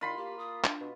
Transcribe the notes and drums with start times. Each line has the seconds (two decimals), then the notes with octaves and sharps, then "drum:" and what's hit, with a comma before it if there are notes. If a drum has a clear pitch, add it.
0.01 D#3 F4 B5 C6
0.18 A#3 G4
0.38 D#6
0.64 D4, drum: clap
0.81 B2